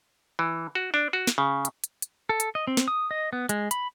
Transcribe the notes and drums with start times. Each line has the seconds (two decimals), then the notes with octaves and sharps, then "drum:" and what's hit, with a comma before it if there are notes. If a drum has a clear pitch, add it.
0.39 E3
0.75 F#4
0.94 D4
1.13 F#4
1.27 drum: snare
1.38 C#3
1.65 drum: hi-hat
1.84 drum: hi-hat
2.02 drum: hi-hat
2.29 A4
2.40 drum: hi-hat
2.55 D#5
2.67 C4
2.77 drum: snare
2.88 D#6
3.11 D#5
3.33 B3
3.49 G#3, drum: hi-hat
3.71 B5, drum: hi-hat